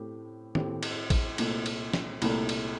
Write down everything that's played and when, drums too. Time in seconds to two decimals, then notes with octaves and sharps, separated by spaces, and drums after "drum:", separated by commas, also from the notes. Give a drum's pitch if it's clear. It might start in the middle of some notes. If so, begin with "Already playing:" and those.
Already playing: A2 A3 C4 G4
0.55 A2 A3 C4 G4, drum: tom D#3
0.83 drum: cymbal
1.10 drum: kick, cymbal
1.38 C2 A#2 A3, drum: cymbal
1.66 drum: cymbal
1.94 drum: snare
2.22 C2 A#2 A3, drum: cymbal
2.49 drum: cymbal